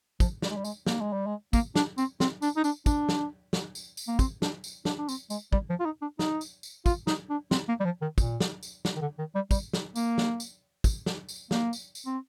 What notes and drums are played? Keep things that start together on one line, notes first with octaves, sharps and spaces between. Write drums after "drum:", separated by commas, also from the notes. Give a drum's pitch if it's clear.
F3, drum: kick, tambourine
G3, drum: snare
G#3
G3
G#3, drum: tambourine
A#3, drum: snare
G#3
G3
G#3
A#3, drum: kick, tambourine
D4, drum: snare
C4, drum: tambourine
C4, drum: snare
D4, drum: tambourine
D#4
D4, drum: tambourine
D4, drum: kick, tambourine
drum: snare
drum: snare
drum: tambourine
drum: tambourine
A#3
C4, drum: kick, tambourine
D4, drum: snare
drum: tambourine
D4, drum: snare
D4
C4, drum: tambourine
G#3, drum: tambourine
G3, drum: kick
F3
F4
D#4
D4
D#4, drum: snare
drum: tambourine
drum: tambourine
F4, drum: kick, tambourine
D#4, drum: snare
D4
C4, drum: snare
A#3
G3
F3
D#3
A#2, drum: kick, tambourine
drum: snare
drum: tambourine
drum: snare
D#3
D3
D#3
G3
G3, drum: kick, tambourine
drum: snare
A#3, drum: tambourine
drum: snare
drum: tambourine
drum: kick, tambourine
drum: snare
drum: tambourine
A#3, drum: snare
drum: tambourine
drum: tambourine
C4